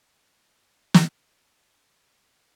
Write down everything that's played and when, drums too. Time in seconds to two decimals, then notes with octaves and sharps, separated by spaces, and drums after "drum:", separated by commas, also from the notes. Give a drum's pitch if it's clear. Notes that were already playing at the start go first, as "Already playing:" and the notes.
0.56 F4 C#5 G5 D#6
0.94 drum: snare